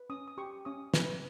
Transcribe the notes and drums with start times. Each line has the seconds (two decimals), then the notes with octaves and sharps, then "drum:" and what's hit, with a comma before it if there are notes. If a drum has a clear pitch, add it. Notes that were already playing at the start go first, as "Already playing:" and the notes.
Already playing: B4
0.10 C#4 D#6
0.28 D#6
0.38 G4 C#6
0.65 C#4 D#6
0.94 B4, drum: snare